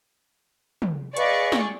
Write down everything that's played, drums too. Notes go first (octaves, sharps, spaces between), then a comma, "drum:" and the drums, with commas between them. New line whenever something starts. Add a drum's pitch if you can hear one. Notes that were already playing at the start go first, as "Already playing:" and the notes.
drum: tom
G#4 B4 D5 D#5 F5 C#6, drum: hi-hat
drum: snare